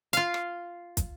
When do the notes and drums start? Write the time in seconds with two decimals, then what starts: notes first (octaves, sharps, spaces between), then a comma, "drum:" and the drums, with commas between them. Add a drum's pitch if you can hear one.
0.13 F4 F5, drum: hi-hat
0.34 drum: rim click
0.97 drum: kick, hi-hat